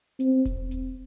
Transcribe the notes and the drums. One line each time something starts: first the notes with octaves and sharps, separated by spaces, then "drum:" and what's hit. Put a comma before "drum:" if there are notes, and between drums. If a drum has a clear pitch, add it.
C4, drum: hi-hat
drum: kick E1, hi-hat
drum: hi-hat